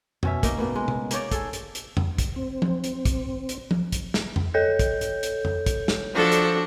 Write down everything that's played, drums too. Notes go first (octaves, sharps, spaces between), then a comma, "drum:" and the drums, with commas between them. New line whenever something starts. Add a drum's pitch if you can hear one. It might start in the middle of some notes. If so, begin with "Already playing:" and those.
B2 C#4 E5, drum: tom F2
A#3 D#4 D#5, drum: kick, hi-hat
B2 A#3 B3
G#3
drum: tom
A#3 D#4 C#5 D5, drum: hi-hat
G#4 A4, drum: kick, hi-hat
drum: hi-hat
drum: hi-hat
drum: tom F2
drum: kick, hi-hat
C4
drum: tom
drum: hi-hat
drum: kick, hi-hat
drum: hi-hat
drum: tom
drum: kick, hi-hat
drum: snare
drum: tom F2
A4 C#5 G6
drum: kick, hi-hat
drum: hi-hat
drum: hi-hat
drum: tom F2
drum: kick, hi-hat
drum: snare
F3 D4 F#4 A4
drum: hi-hat